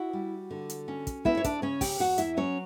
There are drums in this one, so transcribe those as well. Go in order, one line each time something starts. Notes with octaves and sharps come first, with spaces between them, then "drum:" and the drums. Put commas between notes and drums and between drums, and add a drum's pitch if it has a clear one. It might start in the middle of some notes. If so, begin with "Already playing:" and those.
Already playing: E4 F#4 F#5
G3
D3
drum: hi-hat
C#4
drum: kick, hi-hat
B3 E4 E5, drum: kick
C#5
D4 D5, drum: kick, hi-hat
C#3 C#4 C#5
G4 G5, drum: kick, open hi-hat
E2 F#4 F#5
E4 E5, drum: hi-hat
F#3 C#4 C#5